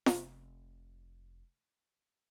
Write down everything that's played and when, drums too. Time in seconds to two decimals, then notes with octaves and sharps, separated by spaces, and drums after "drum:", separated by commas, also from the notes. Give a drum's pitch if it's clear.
0.06 F1 C3, drum: snare